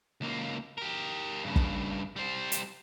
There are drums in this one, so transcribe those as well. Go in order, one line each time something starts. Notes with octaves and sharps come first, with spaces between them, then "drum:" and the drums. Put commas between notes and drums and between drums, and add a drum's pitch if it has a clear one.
C#2 A#3
G4 A#4
G2 C#3
drum: kick
G3 C5
drum: hi-hat